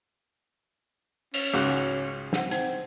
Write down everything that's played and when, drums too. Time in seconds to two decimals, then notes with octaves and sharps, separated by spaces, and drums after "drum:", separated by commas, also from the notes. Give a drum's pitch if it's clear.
1.34 C#4, drum: cymbal
1.54 C#2 G#2 F#4 G#4
2.33 C4 D4 F#5, drum: snare
2.51 C4 D#4, drum: hi-hat